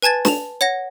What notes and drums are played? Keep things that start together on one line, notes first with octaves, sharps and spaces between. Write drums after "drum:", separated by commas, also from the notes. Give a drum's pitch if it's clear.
B4 G#5 A5 G#6 A6
A5 F7, drum: snare
C#5 F#5 A#6